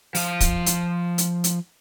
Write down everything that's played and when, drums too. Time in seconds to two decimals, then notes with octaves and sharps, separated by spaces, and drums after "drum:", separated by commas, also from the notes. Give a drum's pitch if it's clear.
0.15 F3 F5, drum: open hi-hat
0.40 drum: kick, hi-hat
0.66 drum: hi-hat
1.18 drum: hi-hat
1.44 drum: hi-hat